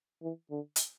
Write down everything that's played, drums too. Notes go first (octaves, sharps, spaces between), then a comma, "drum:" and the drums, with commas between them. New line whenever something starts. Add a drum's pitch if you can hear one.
E3
D3
drum: hi-hat